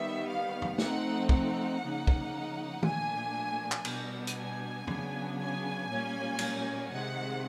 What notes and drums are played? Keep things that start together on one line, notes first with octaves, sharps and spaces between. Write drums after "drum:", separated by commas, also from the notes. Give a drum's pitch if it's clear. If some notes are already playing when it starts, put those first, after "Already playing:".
Already playing: D#3 G3 B3 E5
F5
drum: tom E2
F3 A3 C4 D#4 F#5, drum: snare
F#5, drum: kick
C#3 F3 A#3 D#4
drum: kick
A#2 F3 A3 D4 G#5, drum: tom D#3
drum: clap
B2 G3 B3 D4, drum: cymbal
drum: hi-hat
G#5
C#3 F#3 B3 D4, drum: tom E2
G#5
A#2 G3 A#3 C#4
drum: cymbal
C3 D#3 G#3 F#5